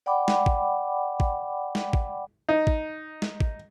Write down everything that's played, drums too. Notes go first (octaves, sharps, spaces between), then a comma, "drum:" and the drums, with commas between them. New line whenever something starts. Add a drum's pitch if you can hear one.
D5 F#5 G5 B5 D6
drum: snare
drum: kick
drum: kick
drum: snare
drum: kick
D#4
drum: kick
drum: snare
drum: kick